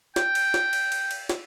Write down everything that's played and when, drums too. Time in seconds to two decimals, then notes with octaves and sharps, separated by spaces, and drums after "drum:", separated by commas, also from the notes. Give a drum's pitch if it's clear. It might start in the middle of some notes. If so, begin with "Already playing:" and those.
0.16 G5, drum: snare
0.35 drum: cymbal
0.54 drum: snare
0.73 drum: cymbal
0.92 drum: cymbal
1.11 drum: cymbal
1.29 drum: snare